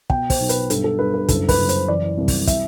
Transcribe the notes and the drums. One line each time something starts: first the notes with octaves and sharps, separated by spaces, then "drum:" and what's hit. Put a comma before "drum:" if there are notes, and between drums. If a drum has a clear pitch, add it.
B2 G5, drum: kick
C5, drum: kick, open hi-hat
B1
B4, drum: hi-hat
G2 A4, drum: hi-hat
A4
G2 B4
B4
F#1 A4, drum: kick, hi-hat
B4, drum: kick, open hi-hat
F#1
C5, drum: hi-hat
E3 D5
C2
drum: kick, open hi-hat
E5, drum: kick, hi-hat